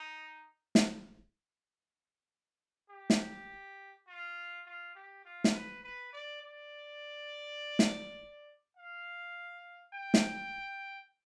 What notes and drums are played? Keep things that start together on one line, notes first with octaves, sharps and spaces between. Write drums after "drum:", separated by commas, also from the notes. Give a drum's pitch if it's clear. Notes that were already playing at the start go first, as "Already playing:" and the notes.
Already playing: D#4
drum: snare
G4
drum: snare
F4
F4
G4
F4
drum: snare
B4
B4
D5
D5
drum: snare
F5
G5
drum: snare